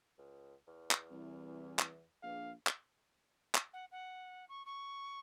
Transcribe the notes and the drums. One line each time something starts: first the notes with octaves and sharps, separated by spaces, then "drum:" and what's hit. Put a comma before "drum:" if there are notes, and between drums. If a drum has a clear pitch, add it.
C#2
E2
drum: clap
C2 E3
drum: clap
A#1 D4 G#4 B4 F5
drum: clap
drum: clap
F#5
F#5
C#6
C#6